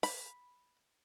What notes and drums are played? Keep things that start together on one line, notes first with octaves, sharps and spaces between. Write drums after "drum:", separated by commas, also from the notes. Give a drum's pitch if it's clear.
B5, drum: open hi-hat